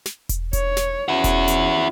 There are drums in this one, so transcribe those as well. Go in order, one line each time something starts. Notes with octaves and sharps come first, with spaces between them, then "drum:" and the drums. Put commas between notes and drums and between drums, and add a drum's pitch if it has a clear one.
drum: snare
drum: kick E1, hi-hat
C#5, drum: kick E1, hi-hat
drum: snare
C#4 E4 F#4 F#5
drum: kick E1, hi-hat
drum: hi-hat